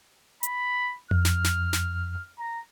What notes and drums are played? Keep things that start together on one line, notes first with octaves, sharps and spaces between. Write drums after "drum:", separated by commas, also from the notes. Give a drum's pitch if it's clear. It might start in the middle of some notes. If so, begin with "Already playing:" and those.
B5, drum: hi-hat
F2 F6, drum: tom F2
drum: snare
drum: snare
drum: snare
A#5